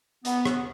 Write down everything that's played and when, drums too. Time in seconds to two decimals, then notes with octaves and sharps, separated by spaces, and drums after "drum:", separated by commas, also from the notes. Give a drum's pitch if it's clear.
0.25 B3, drum: hi-hat
0.45 drum: rim click